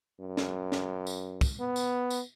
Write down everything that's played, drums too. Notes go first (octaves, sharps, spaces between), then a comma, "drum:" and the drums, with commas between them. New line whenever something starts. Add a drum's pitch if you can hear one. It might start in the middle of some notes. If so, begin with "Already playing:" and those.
F#2
drum: snare
drum: snare
drum: tambourine
drum: kick, tambourine
B3
drum: tambourine
drum: tambourine